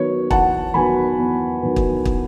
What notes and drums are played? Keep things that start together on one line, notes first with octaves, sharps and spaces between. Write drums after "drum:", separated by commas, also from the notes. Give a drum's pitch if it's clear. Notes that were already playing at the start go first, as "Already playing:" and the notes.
Already playing: D#3 F#3 B3 C#5
E2 F#5 A5, drum: kick
D#3 F#3 B3 G#5 B5
E2
D#3 F#3 B3
drum: kick
drum: kick